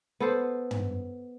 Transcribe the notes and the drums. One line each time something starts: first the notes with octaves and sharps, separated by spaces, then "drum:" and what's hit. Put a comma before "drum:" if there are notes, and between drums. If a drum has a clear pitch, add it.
B3 A4 C5
drum: tom